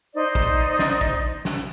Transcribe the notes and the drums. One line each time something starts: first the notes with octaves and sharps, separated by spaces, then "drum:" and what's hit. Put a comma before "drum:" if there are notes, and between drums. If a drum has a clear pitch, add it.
D#4 C5 D5
drum: kick
drum: snare
drum: kick
drum: snare